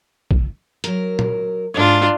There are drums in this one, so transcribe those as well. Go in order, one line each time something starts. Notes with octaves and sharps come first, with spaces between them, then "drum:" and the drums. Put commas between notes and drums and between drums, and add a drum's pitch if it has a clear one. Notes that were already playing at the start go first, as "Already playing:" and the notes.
drum: kick
F#3 A#4, drum: hi-hat
drum: tom A#2
G#2 D4 D#4 F4